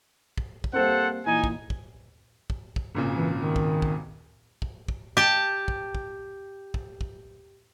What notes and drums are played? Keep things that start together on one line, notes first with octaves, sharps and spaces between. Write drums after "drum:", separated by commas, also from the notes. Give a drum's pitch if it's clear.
drum: kick
drum: kick
G3 A#3 C4 A4 C5 F#5
A#2 E3 D#4 G#5
drum: kick
drum: kick
drum: kick
drum: kick
G#1 A#2 C#3
E3
D#3
drum: kick
drum: kick
drum: kick
drum: kick
G4 A5
drum: kick
drum: kick
drum: kick
drum: kick